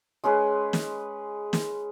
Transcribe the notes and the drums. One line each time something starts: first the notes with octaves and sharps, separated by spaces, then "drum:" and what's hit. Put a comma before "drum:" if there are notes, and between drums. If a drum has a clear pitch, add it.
G#3 C#4 G#4 B4
drum: snare
drum: snare